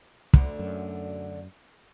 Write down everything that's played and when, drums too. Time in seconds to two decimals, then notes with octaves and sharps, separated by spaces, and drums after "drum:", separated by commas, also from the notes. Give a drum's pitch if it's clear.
0.34 D2 D3, drum: kick
0.59 F#2